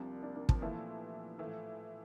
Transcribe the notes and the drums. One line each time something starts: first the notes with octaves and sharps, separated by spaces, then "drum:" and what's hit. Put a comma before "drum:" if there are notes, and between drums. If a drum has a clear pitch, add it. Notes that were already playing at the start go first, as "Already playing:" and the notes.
Already playing: C2 C3 F3 A#3 D4
A#3 D4
A#3 D4
F3, drum: kick
A#2 E3 F3 A3 E4 A4
A2 E3 F3 A3